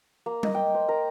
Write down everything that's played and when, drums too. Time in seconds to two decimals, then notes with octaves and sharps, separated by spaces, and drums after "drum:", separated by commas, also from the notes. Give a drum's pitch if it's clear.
0.26 A#3
0.43 D#5, drum: tom G3
0.55 G5
0.74 C5
0.88 A#4